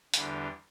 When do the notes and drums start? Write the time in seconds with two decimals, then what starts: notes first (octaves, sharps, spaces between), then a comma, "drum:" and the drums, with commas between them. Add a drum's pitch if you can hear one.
0.14 E2 D3 G3, drum: hi-hat